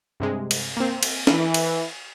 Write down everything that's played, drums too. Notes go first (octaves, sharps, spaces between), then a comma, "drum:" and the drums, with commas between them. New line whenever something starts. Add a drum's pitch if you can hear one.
G2 C3 G#3
drum: cymbal
A#3 C4
drum: cymbal
E3, drum: snare
drum: cymbal